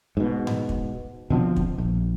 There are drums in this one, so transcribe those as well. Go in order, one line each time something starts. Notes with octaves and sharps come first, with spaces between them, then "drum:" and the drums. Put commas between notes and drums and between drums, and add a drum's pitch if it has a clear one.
G#2 B2
drum: tom G#2
drum: kick
B2 D3 F3 C4
drum: kick
A#1